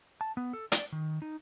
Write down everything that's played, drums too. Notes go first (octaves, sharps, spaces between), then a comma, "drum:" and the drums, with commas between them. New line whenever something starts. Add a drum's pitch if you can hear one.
A5
B3
A4
D5, drum: hi-hat
D#3
D#4